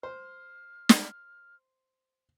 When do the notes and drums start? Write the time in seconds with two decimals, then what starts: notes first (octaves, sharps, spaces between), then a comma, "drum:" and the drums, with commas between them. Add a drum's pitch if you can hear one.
0.03 C5 F6
0.89 drum: snare